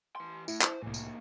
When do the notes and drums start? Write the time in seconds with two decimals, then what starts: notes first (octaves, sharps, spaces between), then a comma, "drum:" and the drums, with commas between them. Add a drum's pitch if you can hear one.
0.16 E3 C6
0.48 A2 E4, drum: tambourine
0.61 C5, drum: clap
0.83 C2 A2 E3 A#3
0.94 drum: tambourine